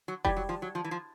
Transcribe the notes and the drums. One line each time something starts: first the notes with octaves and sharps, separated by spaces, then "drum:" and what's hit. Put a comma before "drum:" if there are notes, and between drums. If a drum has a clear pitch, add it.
F#3
E3 G3, drum: kick F1
F#3
F3
F#3
F3
E3
F3